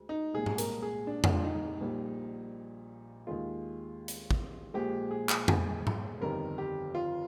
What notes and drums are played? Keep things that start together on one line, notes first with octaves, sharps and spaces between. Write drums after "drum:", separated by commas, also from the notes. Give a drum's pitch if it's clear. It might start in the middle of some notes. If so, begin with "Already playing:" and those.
Already playing: D2 G#3
D#4
C2 A#2 G#3 G#4
drum: tom G#2
A#4, drum: hi-hat
G#4
D4
drum: tom F2
F4
D#4
A#1 A#2 G3
D#2 D#3 G#3 F4
drum: hi-hat
drum: kick
A#1 A#2 G#3 G4
G#4
drum: clap
drum: tom F2
drum: tom G#2
G1 F2 D#3 G3 A#4
G4
F4